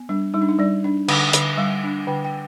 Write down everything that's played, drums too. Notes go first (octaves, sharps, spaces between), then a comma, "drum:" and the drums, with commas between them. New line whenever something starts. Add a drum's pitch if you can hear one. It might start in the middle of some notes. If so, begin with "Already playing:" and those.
Already playing: B3
G3 D4
G3 D#4
D4
D#4
G3 D5
D4
D3, drum: cymbal
D3, drum: hi-hat
G3 F5
D4
D3 G5
G5